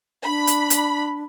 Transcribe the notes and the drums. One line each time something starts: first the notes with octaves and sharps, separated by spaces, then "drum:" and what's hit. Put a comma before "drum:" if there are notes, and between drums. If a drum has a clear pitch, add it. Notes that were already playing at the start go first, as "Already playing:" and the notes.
D4 B5
drum: hi-hat
drum: hi-hat